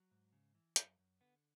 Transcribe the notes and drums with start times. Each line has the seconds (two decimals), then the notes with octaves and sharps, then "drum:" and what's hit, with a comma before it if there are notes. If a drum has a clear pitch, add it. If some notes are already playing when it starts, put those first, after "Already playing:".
Already playing: F#3
0.11 G#2
0.32 C#3
0.55 E3
0.76 F#2, drum: hi-hat
0.99 F#2
1.21 D3 B3